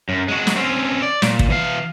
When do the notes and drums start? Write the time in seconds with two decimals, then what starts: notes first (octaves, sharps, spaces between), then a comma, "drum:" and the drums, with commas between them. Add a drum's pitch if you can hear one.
0.09 F#2
0.28 G#3 F#4
0.47 drum: snare
0.56 C4 C#4
1.02 D5
1.22 A#2, drum: snare
1.39 drum: kick
1.50 E3 F5